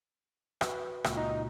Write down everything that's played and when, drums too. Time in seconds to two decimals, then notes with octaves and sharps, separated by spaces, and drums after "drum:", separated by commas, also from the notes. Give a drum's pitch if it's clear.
0.61 F#4 B4, drum: rim click
1.04 C#2 A#2 F#4, drum: rim click
1.17 D#4